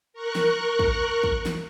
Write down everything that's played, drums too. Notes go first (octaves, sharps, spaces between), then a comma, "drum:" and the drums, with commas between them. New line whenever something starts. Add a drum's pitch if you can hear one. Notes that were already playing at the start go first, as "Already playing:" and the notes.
A#4 C#6 F#6
drum: snare
drum: kick
drum: kick
drum: snare